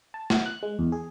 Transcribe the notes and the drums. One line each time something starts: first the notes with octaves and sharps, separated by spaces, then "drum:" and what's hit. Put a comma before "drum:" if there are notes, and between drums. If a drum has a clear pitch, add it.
A5
F#5, drum: snare
F#6
G#3
E2
G#4